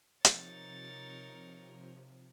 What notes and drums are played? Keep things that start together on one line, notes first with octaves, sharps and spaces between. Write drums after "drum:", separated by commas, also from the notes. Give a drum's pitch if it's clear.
C3 F3 D#4 A#4 C#5 A6, drum: hi-hat